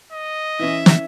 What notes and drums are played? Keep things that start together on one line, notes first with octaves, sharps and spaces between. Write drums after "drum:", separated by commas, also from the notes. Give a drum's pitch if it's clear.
D#5
E3 C#4 E5
drum: snare